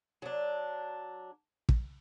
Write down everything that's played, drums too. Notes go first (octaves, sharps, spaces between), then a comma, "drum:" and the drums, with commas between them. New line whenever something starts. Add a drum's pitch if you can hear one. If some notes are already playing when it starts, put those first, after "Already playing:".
F#3 D4
drum: kick